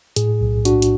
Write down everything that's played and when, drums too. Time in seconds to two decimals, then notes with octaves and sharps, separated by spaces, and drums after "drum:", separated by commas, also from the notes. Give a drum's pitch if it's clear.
0.16 A2 G#4, drum: hi-hat
0.41 B1
0.65 D4 F#4, drum: hi-hat
0.82 drum: hi-hat